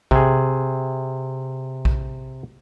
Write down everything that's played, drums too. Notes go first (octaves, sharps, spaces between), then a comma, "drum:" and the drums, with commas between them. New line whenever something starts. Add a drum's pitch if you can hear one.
C3 G#4, drum: kick A#1
drum: kick A#1